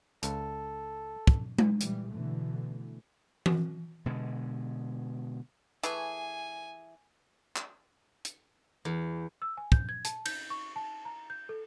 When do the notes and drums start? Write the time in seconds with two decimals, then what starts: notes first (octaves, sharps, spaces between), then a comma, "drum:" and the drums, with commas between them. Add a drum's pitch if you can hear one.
0.23 C#2 A4, drum: hi-hat
1.27 drum: kick
1.58 drum: tom G#3
1.81 A#2 E3 G3, drum: hi-hat
2.12 B2 D3 E3 A3
3.46 drum: tom E3
4.06 B2 D3 G#3
5.83 E3 A3 G#4 G#5, drum: hi-hat
7.56 drum: clap
8.25 drum: hi-hat
8.85 E2
9.42 E6
9.57 G#5
9.72 G6, drum: kick
9.89 G#6
10.05 A5, drum: hi-hat
10.26 G6, drum: cymbal
10.50 C#6
10.76 A5
11.05 A#5
11.30 G6
11.49 A4